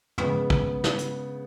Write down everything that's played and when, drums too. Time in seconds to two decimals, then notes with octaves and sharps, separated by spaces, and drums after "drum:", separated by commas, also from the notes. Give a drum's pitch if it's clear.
0.18 C#3 G#3 B3, drum: tom
0.50 drum: kick
0.84 drum: snare
0.99 drum: hi-hat